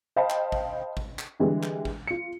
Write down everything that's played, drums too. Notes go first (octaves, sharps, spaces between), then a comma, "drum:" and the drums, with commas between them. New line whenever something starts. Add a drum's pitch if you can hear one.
C5 D#5 F5 G5 A5 B5
drum: clap
drum: kick
drum: kick
drum: clap
D3 E3 G3 G#3
drum: clap
drum: kick
F4 C#7